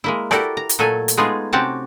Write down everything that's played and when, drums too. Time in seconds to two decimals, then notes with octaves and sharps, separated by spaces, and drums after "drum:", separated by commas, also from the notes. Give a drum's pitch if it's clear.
0.04 G#3 A#3 E4
0.31 E4 F#4 G4 A4 A#4 D5, drum: rim click
0.57 A#5
0.69 drum: hi-hat
0.79 A#2 F#3 A3 A4 G#5
1.08 drum: hi-hat
1.17 G#3 A3 B3 D#4 F4 G#4
1.53 C3 C4 C#4 F#4 G4 A5